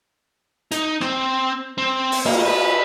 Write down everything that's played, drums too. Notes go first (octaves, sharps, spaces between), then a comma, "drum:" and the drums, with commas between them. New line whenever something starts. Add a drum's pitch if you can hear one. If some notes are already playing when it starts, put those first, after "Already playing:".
D#4, drum: hi-hat
C4, drum: rim click
C4
drum: open hi-hat
A#3, drum: cymbal
B4